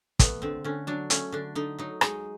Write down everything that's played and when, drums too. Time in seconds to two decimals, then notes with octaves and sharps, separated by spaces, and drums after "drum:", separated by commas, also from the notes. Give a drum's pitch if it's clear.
0.19 A3 B3, drum: kick, hi-hat
0.42 D3 C4
0.64 D3 C#4
0.87 F#3 D4
1.10 A3 C#4, drum: hi-hat
1.32 D3 D4
1.55 D3 D#4
1.79 F#3 D#4
2.01 G#3 D#4, drum: rim click